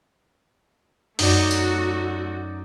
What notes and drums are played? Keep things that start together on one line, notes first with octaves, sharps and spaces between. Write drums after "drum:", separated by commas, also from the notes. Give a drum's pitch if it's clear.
F#2 A3 D#4 F#4 D5, drum: open hi-hat
drum: tambourine